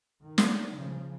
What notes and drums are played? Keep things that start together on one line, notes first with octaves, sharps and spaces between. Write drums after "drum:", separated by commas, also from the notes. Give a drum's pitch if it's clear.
D#3
drum: snare
C#3 F3